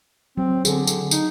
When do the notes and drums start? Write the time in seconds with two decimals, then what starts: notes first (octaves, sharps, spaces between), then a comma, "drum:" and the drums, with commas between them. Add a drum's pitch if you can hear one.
0.37 F#3 C4
0.65 D3 G#4 A4, drum: tambourine
0.87 drum: tambourine
1.11 D#4, drum: tambourine